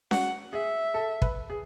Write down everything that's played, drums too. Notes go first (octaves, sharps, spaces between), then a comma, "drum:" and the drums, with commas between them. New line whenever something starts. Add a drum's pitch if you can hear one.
F#4 F#5, drum: snare C#4
G#4 E5
A4
B4, drum: kick
G#4